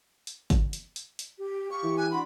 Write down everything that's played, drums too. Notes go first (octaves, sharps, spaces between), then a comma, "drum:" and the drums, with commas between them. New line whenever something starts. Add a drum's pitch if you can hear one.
drum: hi-hat
drum: kick, hi-hat
drum: hi-hat
drum: hi-hat
drum: hi-hat
G4
G4 F5 C#6
E3
A4 G#5 F#6
D4 F#4 G5 B5 C6